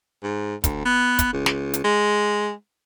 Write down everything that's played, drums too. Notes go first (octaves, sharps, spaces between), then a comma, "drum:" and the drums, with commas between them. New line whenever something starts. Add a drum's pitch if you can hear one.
G#2
D2, drum: kick, hi-hat
B3
drum: kick, hi-hat
C#2
drum: snare
drum: hi-hat
G#3